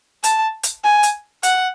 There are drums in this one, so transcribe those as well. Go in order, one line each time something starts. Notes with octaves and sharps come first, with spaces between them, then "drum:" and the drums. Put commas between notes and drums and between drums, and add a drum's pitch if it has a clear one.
A5, drum: hi-hat
drum: hi-hat
G#5
drum: hi-hat
F#5, drum: hi-hat